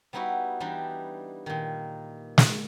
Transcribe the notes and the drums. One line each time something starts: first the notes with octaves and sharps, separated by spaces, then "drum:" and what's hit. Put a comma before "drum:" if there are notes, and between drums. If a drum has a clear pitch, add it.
G3 B3 D#4 E4 F#4
E3 G3 D4 D#4
A#2 D#3
drum: snare